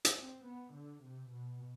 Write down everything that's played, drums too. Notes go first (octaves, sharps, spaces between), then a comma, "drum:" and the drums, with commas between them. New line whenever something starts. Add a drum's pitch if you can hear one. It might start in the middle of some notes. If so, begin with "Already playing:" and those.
drum: hi-hat
C4
B3
D3
C3
B2